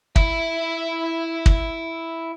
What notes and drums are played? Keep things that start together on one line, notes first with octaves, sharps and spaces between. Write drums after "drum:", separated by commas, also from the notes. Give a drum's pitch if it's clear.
E4 E5, drum: kick
drum: kick